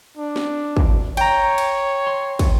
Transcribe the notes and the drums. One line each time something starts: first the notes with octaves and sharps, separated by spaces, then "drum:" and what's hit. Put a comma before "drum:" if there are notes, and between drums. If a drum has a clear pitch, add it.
D4
drum: snare
drum: kick
C#5 G5 A#5, drum: cymbal
drum: cymbal
C6
drum: kick, cymbal